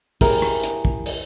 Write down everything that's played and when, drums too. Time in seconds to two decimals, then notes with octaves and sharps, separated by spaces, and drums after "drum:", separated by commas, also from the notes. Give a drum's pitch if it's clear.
0.21 E4 G4 G#4 A#4, drum: kick, open hi-hat
0.42 drum: rim click
0.63 drum: hi-hat
0.85 drum: kick
1.06 drum: open hi-hat